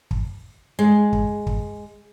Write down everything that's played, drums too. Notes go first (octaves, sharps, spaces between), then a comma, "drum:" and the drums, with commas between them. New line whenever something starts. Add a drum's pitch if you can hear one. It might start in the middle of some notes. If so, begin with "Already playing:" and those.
drum: kick
G#3
drum: kick
drum: kick